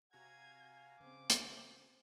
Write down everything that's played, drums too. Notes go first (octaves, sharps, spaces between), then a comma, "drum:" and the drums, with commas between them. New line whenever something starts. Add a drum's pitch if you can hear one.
C3 F#4 F5 G#5 A#5 G#6
C#3 C4 D6
drum: hi-hat